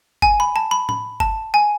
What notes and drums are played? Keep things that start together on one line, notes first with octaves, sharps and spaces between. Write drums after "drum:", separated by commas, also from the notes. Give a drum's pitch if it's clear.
G#5, drum: kick F#1
B5
A5
B5
B5, drum: tom A2
A5, drum: kick F#1
G#5